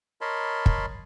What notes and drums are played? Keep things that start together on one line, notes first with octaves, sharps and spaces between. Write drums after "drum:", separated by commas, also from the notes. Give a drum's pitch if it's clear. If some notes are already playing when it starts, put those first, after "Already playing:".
A#4 C#5 D#5 A5 B5 C6
drum: kick